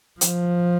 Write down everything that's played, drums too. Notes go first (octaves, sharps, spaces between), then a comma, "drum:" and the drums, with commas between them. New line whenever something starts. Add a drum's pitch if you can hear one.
F3, drum: hi-hat